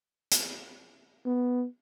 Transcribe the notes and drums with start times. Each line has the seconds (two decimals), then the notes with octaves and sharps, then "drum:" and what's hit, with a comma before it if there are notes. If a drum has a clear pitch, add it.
0.31 drum: hi-hat
1.26 B3